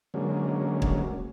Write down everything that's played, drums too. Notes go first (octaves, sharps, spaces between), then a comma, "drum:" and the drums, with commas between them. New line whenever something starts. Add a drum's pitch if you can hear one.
D3 F#3 G#3 A#3 C#4
drum: kick